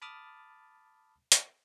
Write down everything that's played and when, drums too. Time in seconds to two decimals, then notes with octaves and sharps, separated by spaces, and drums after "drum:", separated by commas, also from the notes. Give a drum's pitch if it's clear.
0.02 A5 B5 D6 D#6 F6 A6
1.32 drum: hi-hat